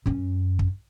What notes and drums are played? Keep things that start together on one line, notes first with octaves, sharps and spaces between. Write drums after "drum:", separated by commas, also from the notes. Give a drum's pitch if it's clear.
F#2 C#4
drum: kick